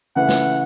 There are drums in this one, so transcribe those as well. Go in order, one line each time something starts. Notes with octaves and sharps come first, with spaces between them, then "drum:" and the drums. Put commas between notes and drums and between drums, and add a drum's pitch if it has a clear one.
C#3 E3 A3 E4 B4 F#5
drum: snare